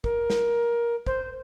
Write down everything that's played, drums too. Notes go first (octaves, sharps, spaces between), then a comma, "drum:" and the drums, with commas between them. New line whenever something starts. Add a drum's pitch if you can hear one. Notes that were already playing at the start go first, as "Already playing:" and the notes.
A#4, drum: kick
drum: snare
C5, drum: kick